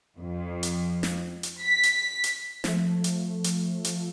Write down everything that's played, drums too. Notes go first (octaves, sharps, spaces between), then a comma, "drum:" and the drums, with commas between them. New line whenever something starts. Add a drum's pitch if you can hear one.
F2
drum: hi-hat
drum: snare
drum: hi-hat
B6
drum: hi-hat
drum: hi-hat
F3 A3, drum: snare
drum: hi-hat
drum: hi-hat
drum: hi-hat